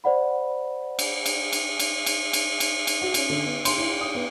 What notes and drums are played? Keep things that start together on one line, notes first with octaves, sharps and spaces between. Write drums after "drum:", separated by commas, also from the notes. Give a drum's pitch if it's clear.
C5 D5 F#5 B5
drum: cymbal
drum: cymbal
drum: cymbal
drum: cymbal
drum: cymbal
drum: cymbal
drum: cymbal
drum: cymbal
F#4
C#4, drum: cymbal
D3
B3
C6, drum: cymbal
E4
D#6
B3